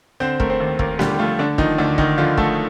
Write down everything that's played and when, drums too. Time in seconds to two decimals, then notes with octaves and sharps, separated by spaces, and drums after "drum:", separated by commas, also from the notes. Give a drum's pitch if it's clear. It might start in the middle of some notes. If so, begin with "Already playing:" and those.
0.20 D3 C4 C5
0.40 A3 A#4, drum: kick
0.50 C4 C5
0.60 D#2
0.79 D#2 A#3 A#4, drum: kick
0.99 D3 G3 G4, drum: snare
1.19 F3 A3 F4
1.39 D3 D4
1.58 D#3 F3 D#4, drum: kick
1.78 D2 D4
1.98 D2 D#3 D#4, drum: kick
2.18 D3 F3 F4
2.37 F3 A3 A4, drum: kick